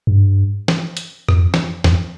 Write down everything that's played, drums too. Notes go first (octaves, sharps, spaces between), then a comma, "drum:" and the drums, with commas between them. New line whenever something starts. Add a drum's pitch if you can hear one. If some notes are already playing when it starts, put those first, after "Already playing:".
G2
drum: snare
drum: hi-hat
F2, drum: rim click
drum: snare
E2, drum: snare
F2